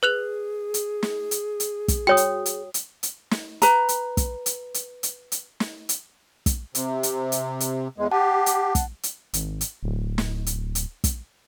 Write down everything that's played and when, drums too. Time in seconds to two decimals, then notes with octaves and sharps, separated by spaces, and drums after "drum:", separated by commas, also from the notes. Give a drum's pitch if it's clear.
0.03 G#4 B4 F#6 F7
0.74 drum: hi-hat
1.03 drum: snare
1.31 drum: hi-hat
1.60 drum: hi-hat
1.88 drum: kick, hi-hat
2.07 F#4 C#5 G5 D#6
2.17 drum: hi-hat
2.46 drum: hi-hat
2.74 drum: hi-hat
3.03 drum: hi-hat
3.31 drum: snare
3.62 B4 A#5, drum: hi-hat
3.89 drum: hi-hat
4.17 drum: kick, hi-hat
4.46 drum: hi-hat
4.74 drum: hi-hat
5.03 drum: hi-hat
5.32 drum: hi-hat
5.60 drum: snare
5.89 drum: hi-hat
6.46 drum: kick, hi-hat
6.75 C3, drum: hi-hat
7.03 drum: hi-hat
7.32 drum: hi-hat
7.60 drum: hi-hat
7.98 E2 G#3
8.11 G4 F#5 A5
8.46 drum: hi-hat
8.75 drum: kick, hi-hat
9.03 drum: hi-hat
9.34 G#1, drum: hi-hat
9.61 drum: hi-hat
9.83 D1
10.18 drum: snare
10.46 drum: hi-hat
10.75 drum: hi-hat
11.04 drum: kick, hi-hat